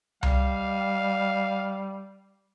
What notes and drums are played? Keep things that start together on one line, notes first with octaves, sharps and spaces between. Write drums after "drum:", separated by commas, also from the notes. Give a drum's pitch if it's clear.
G3 F5, drum: tom C2